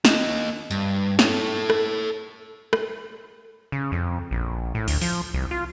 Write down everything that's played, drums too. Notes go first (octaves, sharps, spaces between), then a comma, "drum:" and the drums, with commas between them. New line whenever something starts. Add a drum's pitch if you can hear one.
A#3 D#5, drum: snare
G2, drum: tambourine
A4 C#5, drum: snare
drum: rim click
drum: rim click
C#3
F2
A#1
A2
D2, drum: open hi-hat
F3, drum: open hi-hat
C2
F4